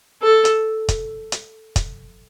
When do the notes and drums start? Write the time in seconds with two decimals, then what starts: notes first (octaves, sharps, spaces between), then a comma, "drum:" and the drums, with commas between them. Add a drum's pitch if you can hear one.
0.22 A4
0.45 drum: hi-hat
0.88 drum: kick, hi-hat
1.32 drum: hi-hat
1.76 drum: kick, hi-hat